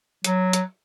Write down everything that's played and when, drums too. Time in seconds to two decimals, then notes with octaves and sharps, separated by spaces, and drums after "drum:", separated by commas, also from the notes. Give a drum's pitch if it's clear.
0.24 F#3, drum: hi-hat
0.53 drum: hi-hat